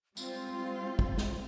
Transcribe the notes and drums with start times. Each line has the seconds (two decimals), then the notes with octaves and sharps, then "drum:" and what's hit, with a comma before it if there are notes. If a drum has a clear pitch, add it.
0.17 G3 G#3 C4 F4, drum: tambourine
0.99 drum: kick
1.18 drum: snare